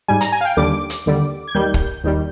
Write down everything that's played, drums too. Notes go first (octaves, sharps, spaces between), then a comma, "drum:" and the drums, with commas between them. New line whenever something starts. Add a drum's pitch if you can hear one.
G#2 G3 G#5
A#5, drum: hi-hat
G#5
F5
G5
D#2 D3 G3 D6
drum: hi-hat
D#2 D3 G3
G#6
D#2 D#3 G3 G6
drum: kick
D#2 D#3 G3